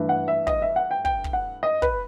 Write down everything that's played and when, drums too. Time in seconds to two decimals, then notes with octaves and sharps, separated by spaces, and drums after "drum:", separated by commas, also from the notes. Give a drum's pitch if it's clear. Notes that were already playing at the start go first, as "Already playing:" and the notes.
Already playing: G2 E3 A3
0.09 F#5
0.28 E5
0.47 D#5, drum: kick
0.62 E5
0.76 F#5
0.91 G5
1.05 G5, drum: kick
1.24 drum: kick
1.33 F#5
1.63 D#5
1.82 B4, drum: kick